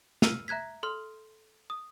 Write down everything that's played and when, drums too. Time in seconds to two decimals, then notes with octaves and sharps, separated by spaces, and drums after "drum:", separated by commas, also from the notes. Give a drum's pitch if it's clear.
0.22 E6 F6 C7 D#7 F7, drum: snare
0.48 E5 A#5 F#6 G#6 B6
0.83 A4 C6 F6
1.70 D#6